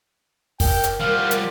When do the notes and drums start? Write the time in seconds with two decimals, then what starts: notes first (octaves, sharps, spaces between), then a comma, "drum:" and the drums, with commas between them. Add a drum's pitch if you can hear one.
0.60 A#4 G5, drum: kick, open hi-hat
0.84 drum: hi-hat
1.00 F3 G3 F5 F#5
1.31 drum: hi-hat